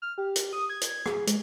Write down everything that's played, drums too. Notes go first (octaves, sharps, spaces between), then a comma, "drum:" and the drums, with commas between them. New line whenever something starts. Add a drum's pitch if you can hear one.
F6
G4
drum: hi-hat
D#6
G#6
drum: hi-hat
G#4, drum: rim click
G#3, drum: hi-hat